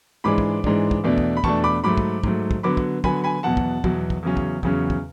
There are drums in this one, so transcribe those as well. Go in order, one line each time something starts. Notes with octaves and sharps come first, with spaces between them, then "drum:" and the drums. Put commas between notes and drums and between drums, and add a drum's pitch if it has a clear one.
G#2 E3 G#3 D4 B5 D6
drum: kick
G#2 E3 G#3 D4, drum: kick
drum: kick
E2 B2 A3 D4
drum: kick
B5
E2 B2 A3 D4 A5 C#6, drum: kick
B5 D6
G#2 F#3 A3 B5 D6
drum: kick
G#2 F#3 A3, drum: kick
drum: kick
D3 F#3 B3 B5 D6
drum: kick
D3 F#3 B3 G#5 B5, drum: kick
G#5 B5
E2 B2 F#3 F#5 A5
drum: kick
E2 B2 F#3, drum: kick
drum: kick
E2 C#3 F#3 C#4
drum: kick
E2 C#3 F#3 C#4, drum: kick
drum: kick